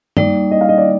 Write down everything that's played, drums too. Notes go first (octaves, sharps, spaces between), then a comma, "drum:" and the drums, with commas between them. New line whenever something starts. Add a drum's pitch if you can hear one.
G3 A#3 D#4 D5, drum: tom
D#5
F5
D#5
D5